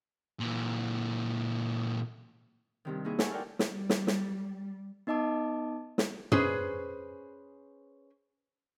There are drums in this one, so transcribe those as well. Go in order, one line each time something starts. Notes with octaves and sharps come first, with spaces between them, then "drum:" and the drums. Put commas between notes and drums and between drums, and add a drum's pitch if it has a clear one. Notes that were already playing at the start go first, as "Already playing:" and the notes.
A#2 E3
G2 C3 D#3
A#3 D#4 E4 F#4 G#4
F#4 A4 F#5 G#5 A5 C#6, drum: snare
F4 F#4 A#4 D5 F#5 G5
G3, drum: snare
drum: snare
drum: snare
B3 D#4 D#5 A5 D6
drum: snare
C#4 G#4 B4 C5, drum: tom